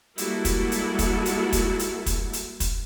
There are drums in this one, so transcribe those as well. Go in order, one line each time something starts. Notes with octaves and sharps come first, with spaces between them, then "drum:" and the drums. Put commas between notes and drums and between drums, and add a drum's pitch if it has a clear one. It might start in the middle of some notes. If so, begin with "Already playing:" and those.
G3 G#3 A#3 E4 F#4 A4, drum: hi-hat
drum: kick, hi-hat
drum: hi-hat
drum: kick, hi-hat
drum: hi-hat
drum: kick, hi-hat
drum: hi-hat
drum: kick, hi-hat
drum: hi-hat
drum: kick, hi-hat